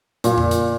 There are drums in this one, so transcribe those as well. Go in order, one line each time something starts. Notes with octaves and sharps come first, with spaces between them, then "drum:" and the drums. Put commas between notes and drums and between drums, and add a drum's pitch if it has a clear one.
A#2, drum: hi-hat
drum: tom F2
drum: hi-hat